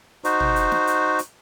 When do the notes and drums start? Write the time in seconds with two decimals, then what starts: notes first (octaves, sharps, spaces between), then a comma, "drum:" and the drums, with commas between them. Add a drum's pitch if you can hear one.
0.24 D#4 F#4 C5, drum: hi-hat
0.40 drum: tom
0.56 drum: hi-hat
0.72 drum: snare
0.87 drum: hi-hat
1.19 drum: hi-hat